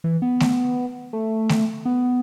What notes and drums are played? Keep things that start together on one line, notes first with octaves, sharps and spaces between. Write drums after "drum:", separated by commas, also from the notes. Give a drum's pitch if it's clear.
E3
B3
drum: snare A3
A3
drum: snare A3
B3